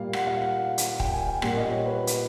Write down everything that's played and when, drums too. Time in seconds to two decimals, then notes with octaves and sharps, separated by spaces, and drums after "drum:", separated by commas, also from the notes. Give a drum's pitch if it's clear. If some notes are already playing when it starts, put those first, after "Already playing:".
Already playing: A#2 G3 A#3 F5
0.13 F#5, drum: rim click
0.27 F5
0.41 F#5
0.78 drum: hi-hat
1.00 G5, drum: kick D#1
1.14 G#5
1.29 G5
1.42 A#2 G3 A#3 F#5, drum: rim click
1.56 D#5
1.71 C#5
1.86 B4
2.07 drum: hi-hat